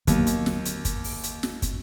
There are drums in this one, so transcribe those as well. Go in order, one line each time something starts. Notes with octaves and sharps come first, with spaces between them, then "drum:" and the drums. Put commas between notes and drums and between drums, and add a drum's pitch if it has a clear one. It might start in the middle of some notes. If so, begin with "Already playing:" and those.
D#2 D3 F#3 B3, drum: kick, hi-hat
drum: hi-hat
drum: snare
drum: hi-hat
drum: kick, hi-hat
drum: open hi-hat
drum: hi-hat
drum: snare
drum: kick, hi-hat